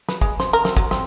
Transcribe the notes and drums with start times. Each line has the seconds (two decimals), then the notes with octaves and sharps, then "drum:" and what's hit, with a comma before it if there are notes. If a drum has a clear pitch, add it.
0.08 B4, drum: snare
0.21 G#3, drum: kick, hi-hat
0.40 C5, drum: snare
0.53 A#4, drum: hi-hat
0.65 C4, drum: snare
0.77 F#3, drum: kick, hi-hat
0.91 C4, drum: snare